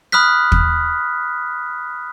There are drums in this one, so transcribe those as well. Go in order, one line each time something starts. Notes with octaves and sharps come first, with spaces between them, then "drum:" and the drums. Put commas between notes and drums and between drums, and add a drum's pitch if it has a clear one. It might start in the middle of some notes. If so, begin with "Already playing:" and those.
B5 D#6 F6 F#6 B6
drum: kick